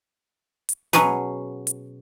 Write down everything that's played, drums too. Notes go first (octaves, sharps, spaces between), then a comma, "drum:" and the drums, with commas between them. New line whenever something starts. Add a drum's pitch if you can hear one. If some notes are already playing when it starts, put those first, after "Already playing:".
drum: hi-hat
B2 F#3 C#4 G#4 B4, drum: snare
drum: hi-hat